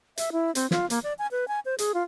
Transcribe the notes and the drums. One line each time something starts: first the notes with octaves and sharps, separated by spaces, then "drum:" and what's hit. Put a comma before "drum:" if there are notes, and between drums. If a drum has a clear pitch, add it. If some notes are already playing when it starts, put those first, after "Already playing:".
E5, drum: hi-hat
E4
C4, drum: hi-hat
F4, drum: snare
A#3, drum: hi-hat
D5
G#5
B4
G#5
C5
G#4, drum: hi-hat
F4